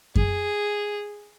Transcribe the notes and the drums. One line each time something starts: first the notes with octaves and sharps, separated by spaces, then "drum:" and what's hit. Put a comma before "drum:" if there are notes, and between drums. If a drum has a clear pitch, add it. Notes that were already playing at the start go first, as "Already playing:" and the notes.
G#4, drum: kick F#2